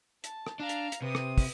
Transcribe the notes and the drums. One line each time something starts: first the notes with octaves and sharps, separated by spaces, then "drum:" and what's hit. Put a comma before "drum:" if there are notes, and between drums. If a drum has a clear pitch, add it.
A5, drum: hi-hat
drum: rim click
D4 F5 A#5
drum: hi-hat
drum: hi-hat
C3 B4 D#6
drum: rim click
drum: kick, open hi-hat